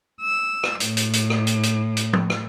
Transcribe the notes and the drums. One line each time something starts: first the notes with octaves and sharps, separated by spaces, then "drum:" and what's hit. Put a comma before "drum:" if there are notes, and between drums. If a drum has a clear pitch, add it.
E6
drum: rim click
A2, drum: hi-hat
drum: hi-hat
drum: hi-hat
drum: rim click
drum: hi-hat
drum: hi-hat
drum: hi-hat
drum: tom
drum: rim click